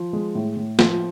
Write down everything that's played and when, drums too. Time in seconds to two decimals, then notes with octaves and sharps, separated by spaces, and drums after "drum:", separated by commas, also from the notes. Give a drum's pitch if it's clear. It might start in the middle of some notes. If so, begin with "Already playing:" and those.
Already playing: F3
0.13 G#3
0.35 A2
0.57 A2
0.79 F3, drum: snare